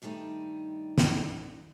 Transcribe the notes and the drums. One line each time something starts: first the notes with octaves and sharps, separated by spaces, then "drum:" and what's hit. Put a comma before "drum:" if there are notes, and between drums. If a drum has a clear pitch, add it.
G2 D#3 G3 A3 D#4
drum: snare